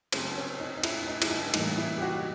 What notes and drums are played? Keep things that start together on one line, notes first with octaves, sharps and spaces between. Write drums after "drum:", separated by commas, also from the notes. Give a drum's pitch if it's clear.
F#2 C#3 F#3 C4, drum: cymbal
C#4
D#4
D#4
E4, drum: cymbal
E4
D#4
E4, drum: cymbal
D#4
A2 E3 G3 A#3 D#4, drum: cymbal
E4
G4
F#4